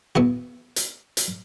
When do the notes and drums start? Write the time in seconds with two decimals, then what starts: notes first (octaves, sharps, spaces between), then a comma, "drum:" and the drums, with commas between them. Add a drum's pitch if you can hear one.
0.15 B3 E4 F#4
0.76 drum: hi-hat
1.17 drum: hi-hat